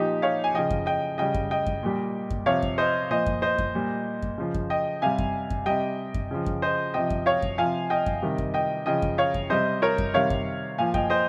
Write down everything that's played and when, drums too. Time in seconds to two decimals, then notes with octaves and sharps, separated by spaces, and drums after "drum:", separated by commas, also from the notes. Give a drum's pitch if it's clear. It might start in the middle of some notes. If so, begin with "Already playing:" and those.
Already playing: A#2 F3 D#4 G4
0.22 C#5 F5
0.44 G#5
0.54 C#3 F3 D#5 G5
0.71 drum: kick F#2
0.86 D#5 G5
1.18 C#3 G3 D#5 G5
1.34 drum: kick F#2
1.51 D#5 G5
1.66 drum: kick F#2
1.83 A#2 G3
2.30 drum: kick F#2
2.46 C3 F3 C#5 F5
2.62 drum: kick F#2
2.78 C5 D#5
3.10 A#2 F3 C5 D#5
3.26 drum: kick F#2
3.42 C5 D#5
3.58 drum: kick F#2
3.75 A#2 G3
4.22 drum: kick F#2
4.38 C#3 F3
4.54 drum: kick F#2
4.70 D#5 G5
5.02 C3 G3 F5 G#5
5.18 drum: kick F#2
5.50 drum: kick F#2
5.66 C3 G3 D#5 G5
6.14 drum: kick F#2
6.31 C#3 F3
6.46 drum: kick F#2
6.62 C5 D#5
6.94 C3 F3 D#5 G5
7.10 drum: kick F#2
7.26 C#5 F5
7.42 drum: kick F#2
7.58 C3 F3 F5 G#5
7.90 D#5 G5
8.06 drum: kick F#2
8.22 C3 D#3 G3
8.38 drum: kick F#2
8.54 D#5 G5
8.86 C#3 F3 D#5 G5
9.02 drum: kick F#2
9.18 C#5 F5
9.34 drum: kick F#2
9.50 C3 G3 C5 D#5
9.82 A#4 C#5
9.98 drum: kick F#2
10.14 C3 D#3 G3 C#5 F5
10.30 drum: kick F#2
10.78 A#2 F3 F5 G#5
10.94 D#5 G5, drum: kick F#2
11.10 C5 D#5